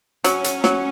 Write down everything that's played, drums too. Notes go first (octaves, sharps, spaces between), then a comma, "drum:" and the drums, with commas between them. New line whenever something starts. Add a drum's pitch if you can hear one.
F#3 C#4, drum: hi-hat
drum: hi-hat
F#3, drum: snare